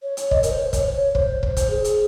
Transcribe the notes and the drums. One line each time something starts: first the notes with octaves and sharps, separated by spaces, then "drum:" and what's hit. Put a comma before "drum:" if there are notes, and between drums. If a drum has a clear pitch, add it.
C#5
drum: hi-hat
D#5, drum: kick
A#4, drum: hi-hat
C5
C#5
drum: kick, hi-hat
C5
C#5
C5, drum: kick
C5, drum: kick
drum: kick, hi-hat
G#4
drum: hi-hat